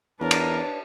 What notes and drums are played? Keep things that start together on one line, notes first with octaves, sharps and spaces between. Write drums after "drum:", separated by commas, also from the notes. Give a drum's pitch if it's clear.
E2 D4 A#4 B4 C#5 D5 A5
drum: cymbal